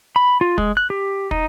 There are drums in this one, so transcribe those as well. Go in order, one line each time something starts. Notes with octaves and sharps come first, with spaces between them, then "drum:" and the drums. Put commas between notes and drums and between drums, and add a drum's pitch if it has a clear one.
B5
F4
G#3, drum: kick
F#6
G4
D#4, drum: kick